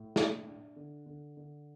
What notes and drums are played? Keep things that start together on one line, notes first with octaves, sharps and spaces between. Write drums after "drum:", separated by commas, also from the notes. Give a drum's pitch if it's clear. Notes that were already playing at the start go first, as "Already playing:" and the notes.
Already playing: A2
D4, drum: snare
D4
D3
D3
D3